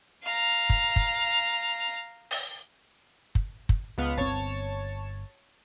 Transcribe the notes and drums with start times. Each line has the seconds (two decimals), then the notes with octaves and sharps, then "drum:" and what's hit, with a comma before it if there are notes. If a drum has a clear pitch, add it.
0.24 F5 A#5
0.70 drum: kick
0.96 drum: kick
2.31 drum: open hi-hat
3.35 drum: kick
3.69 drum: kick
3.98 C#2 B3 F5
4.18 G1 B2 C4 C#5 A5